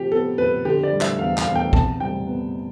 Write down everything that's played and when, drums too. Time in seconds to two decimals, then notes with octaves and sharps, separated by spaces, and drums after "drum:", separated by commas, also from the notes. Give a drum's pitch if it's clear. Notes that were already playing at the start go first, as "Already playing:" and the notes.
Already playing: C3 F3 G4
0.12 B3 A4
0.38 F2 B4
0.65 D3 G4
0.83 D5
0.93 G3
1.01 E5, drum: clap
1.19 E2 F5
1.38 F5, drum: clap
1.47 E2
1.55 G5
1.73 C3 A5, drum: kick
2.00 G3 G5
2.27 B3